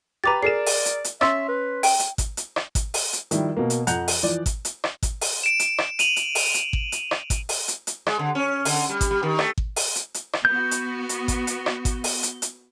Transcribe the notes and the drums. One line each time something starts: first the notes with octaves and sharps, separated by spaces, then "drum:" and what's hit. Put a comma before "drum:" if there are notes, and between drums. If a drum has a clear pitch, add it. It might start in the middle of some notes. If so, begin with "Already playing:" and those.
G4 B4 A#5 D6 A6
G#4 A#4 D5 C7 E7
drum: open hi-hat
drum: hi-hat
drum: hi-hat
C#4 E5 C6 E6 A6, drum: rim click
B4
G5, drum: open hi-hat
drum: hi-hat
drum: kick G#1, hi-hat
drum: hi-hat
drum: rim click
drum: kick G#1, hi-hat
drum: open hi-hat
drum: hi-hat
D#3 F3 G3 E4, drum: hi-hat
B2 A#3
drum: hi-hat
F2 F#5 A#5 F#6 G6 F7, drum: hi-hat
drum: open hi-hat
E3 F3 D5
drum: kick G#1, hi-hat
drum: hi-hat
drum: rim click
drum: kick G#1, hi-hat
drum: open hi-hat
D7 E7
drum: hi-hat
drum: rim click
D#7 F7 F#7, drum: hi-hat
drum: hi-hat
drum: open hi-hat
drum: hi-hat
drum: kick G#1
drum: hi-hat
drum: rim click
drum: kick G#1, hi-hat
drum: open hi-hat
drum: hi-hat
drum: hi-hat
G#3, drum: rim click
D3
C#4
D3, drum: open hi-hat
G3
drum: kick G#1, hi-hat
G3
D#3
A3, drum: rim click
drum: kick G#1
drum: open hi-hat
drum: hi-hat
drum: hi-hat
drum: rim click
B3 F#4 G6
drum: hi-hat
drum: hi-hat
drum: kick G#1, hi-hat
drum: hi-hat
drum: rim click
drum: kick G#1, hi-hat
drum: open hi-hat
drum: hi-hat
drum: hi-hat